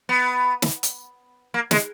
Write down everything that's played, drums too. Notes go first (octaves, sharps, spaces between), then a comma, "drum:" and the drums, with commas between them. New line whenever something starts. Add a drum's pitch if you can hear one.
B3
drum: snare
drum: hi-hat
A#3
G#3, drum: snare